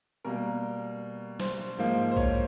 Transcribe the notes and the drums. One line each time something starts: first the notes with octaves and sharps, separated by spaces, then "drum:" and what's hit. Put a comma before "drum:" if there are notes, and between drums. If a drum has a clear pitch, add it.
B2 G3 A#3 A#4
C5, drum: snare
G#2 F3 A#3
C5
C#5, drum: kick B1